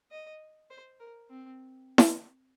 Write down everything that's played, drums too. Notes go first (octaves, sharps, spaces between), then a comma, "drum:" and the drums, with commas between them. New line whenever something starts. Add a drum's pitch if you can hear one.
D#5
C5
A#4
C4
drum: snare E4